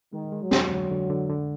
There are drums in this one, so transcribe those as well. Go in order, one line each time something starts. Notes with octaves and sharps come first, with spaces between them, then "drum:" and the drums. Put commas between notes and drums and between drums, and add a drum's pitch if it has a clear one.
D#3 G#3
G#3
F#3
F2, drum: snare
D3
D3
D3
D3